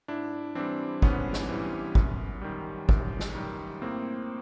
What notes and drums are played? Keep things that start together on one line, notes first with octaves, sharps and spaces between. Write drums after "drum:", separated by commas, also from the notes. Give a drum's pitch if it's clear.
G#2 D4 E4
E3 G3 C4 D4
G#2 B3 C#4, drum: kick
drum: snare
E3 G3
F#2, drum: kick
D#3 G3
F#2, drum: kick
drum: snare
D#3 G3
A2 A#3 C4